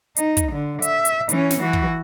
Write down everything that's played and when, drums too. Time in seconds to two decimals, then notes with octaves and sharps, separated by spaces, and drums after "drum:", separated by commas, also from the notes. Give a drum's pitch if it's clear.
0.16 D#4, drum: hi-hat
0.37 drum: kick, hi-hat
0.52 D3
0.82 E5, drum: hi-hat
1.05 drum: hi-hat
1.29 E3 C#4, drum: hi-hat
1.50 drum: snare
1.61 E3 F#4
1.73 drum: kick